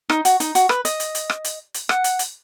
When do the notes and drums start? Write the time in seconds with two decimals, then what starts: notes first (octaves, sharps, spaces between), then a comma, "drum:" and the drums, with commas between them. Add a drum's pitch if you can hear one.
0.10 D#4, drum: rim click
0.25 F#4, drum: hi-hat
0.40 D#4, drum: hi-hat
0.55 F#4, drum: hi-hat
0.69 B4, drum: rim click
0.85 D#5, drum: hi-hat
1.00 drum: hi-hat
1.15 drum: hi-hat
1.30 drum: rim click
1.44 drum: hi-hat
1.74 drum: hi-hat
1.89 F#5, drum: rim click
2.04 drum: hi-hat
2.19 drum: hi-hat